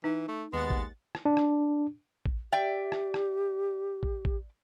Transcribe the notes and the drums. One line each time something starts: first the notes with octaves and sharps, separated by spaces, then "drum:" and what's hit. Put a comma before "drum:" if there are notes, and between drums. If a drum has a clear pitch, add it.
E3 D#4
A3
D#2 G#3 B3 F#5 A6
drum: kick
drum: rim click
D4
drum: rim click
drum: kick
G4 D5 E5 G5
drum: rim click
drum: rim click
drum: kick
drum: kick